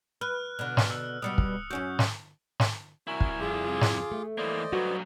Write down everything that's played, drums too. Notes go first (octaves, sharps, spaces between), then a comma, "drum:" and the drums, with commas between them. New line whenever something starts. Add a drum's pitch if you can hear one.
B4 F6 F#6
B2 D3
drum: snare
E6
B2 G3 B3 D#6 C#7
drum: kick
F#2 C#4 F#4 G6
drum: snare
drum: snare
C2 E4 F#4 A#4 G#5
drum: kick
F2 F4 G#4 D6
drum: snare
A3
E3 A#3 C5 D5 D#5
G2 F#3 F#4 B4